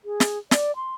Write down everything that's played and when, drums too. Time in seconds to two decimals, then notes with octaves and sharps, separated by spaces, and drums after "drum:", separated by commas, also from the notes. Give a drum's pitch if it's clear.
0.05 G#4
0.20 drum: snare
0.51 D5, drum: snare
0.76 C6